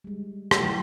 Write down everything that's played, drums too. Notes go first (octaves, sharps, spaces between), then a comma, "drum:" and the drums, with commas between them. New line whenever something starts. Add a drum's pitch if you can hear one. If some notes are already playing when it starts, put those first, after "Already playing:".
G3 G#3
F#3 A3 E4 F4 B4 G5, drum: rim click